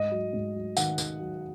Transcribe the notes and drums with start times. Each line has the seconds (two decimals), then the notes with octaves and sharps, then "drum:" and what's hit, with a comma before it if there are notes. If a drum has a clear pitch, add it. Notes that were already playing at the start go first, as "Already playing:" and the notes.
Already playing: G#2 D#5
0.11 F#3
0.33 G#2
0.55 F#3
0.77 D#3 F#5, drum: tambourine
0.98 D#3, drum: tambourine
1.20 F#3